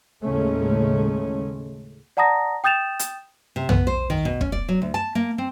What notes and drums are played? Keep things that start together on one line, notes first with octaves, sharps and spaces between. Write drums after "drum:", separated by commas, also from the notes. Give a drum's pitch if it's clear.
D#2 A2 C#3 G#3 A3 C#4
D5 F#5 A5 A#5 D#6 A#6
G5 D#6 G6 A6 E7 F7
drum: hi-hat
C3
B3, drum: tom
C5
D#3
B2
C#4, drum: kick
D5
F#3
D2
A5
A#3
C4